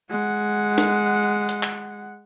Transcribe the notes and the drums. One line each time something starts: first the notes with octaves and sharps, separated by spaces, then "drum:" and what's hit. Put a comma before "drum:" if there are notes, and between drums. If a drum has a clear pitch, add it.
G#3 F#5
drum: snare
drum: hi-hat
drum: clap